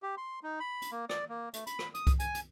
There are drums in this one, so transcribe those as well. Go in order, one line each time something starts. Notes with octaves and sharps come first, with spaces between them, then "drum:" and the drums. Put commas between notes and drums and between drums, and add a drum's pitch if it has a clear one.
G4
C6
D#4
B5
drum: hi-hat
A#3
D5, drum: rim click
A#3
A3, drum: hi-hat
B5, drum: hi-hat
drum: rim click
D#6, drum: hi-hat
drum: kick C2, hi-hat
G#5, drum: hi-hat
drum: hi-hat